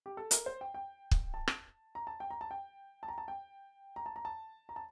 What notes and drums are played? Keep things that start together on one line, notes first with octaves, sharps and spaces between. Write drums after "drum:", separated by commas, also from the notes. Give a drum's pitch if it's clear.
G4
A4
A#4, drum: hi-hat
C5
G5
G5
drum: kick
A5
drum: rim click
A#5
A5
G5
A#5
A5
G5
A5
A#5
A5
G5
A#5
A5
A#5
A5
A#5
A5